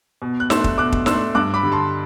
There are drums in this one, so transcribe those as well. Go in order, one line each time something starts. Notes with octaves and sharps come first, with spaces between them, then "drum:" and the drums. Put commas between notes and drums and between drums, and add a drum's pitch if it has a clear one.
B2
F#6
A3 D4 C6 E6, drum: snare
drum: kick
B2 D6 F#6
drum: kick
A3 D4 C6 E6, drum: snare
G2 D6 F#6
B5 D6
D3 G3
A5 C6